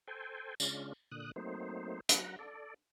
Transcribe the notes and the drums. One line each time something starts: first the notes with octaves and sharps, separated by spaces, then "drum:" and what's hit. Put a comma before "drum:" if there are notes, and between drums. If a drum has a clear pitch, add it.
A4 C5 G5 G#5
C#3 G#3 C#4 D4 F4, drum: tambourine
A#2 D3 D#6 F#6
F#3 A3 A#3 C4 D#4 C5
F#3 F#5 A#5, drum: hi-hat
A4 D5